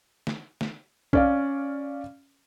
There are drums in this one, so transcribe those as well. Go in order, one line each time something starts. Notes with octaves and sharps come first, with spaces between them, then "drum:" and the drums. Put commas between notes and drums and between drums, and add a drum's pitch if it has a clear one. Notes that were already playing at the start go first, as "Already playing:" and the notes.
drum: snare
drum: snare
C#4 D5 F5, drum: kick B1